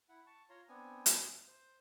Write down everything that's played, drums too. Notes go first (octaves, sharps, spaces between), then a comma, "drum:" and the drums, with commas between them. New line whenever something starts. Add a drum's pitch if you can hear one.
E4 F#5
A5 C#6
F4 C#5 A#5 C6
B3 C4 D4 G#5
drum: hi-hat
C5